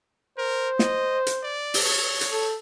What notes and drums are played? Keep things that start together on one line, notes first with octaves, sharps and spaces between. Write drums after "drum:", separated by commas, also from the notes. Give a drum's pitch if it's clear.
A#4 C5
D#5, drum: snare
drum: hi-hat
D5
drum: open hi-hat
C#5
drum: hi-hat
A4